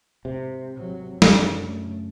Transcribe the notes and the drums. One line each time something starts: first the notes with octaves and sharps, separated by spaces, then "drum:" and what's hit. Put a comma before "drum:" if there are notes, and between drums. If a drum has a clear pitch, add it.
G#2 C3
G#1 F#3
F#2 E3 C4 D4, drum: snare
C#3 A3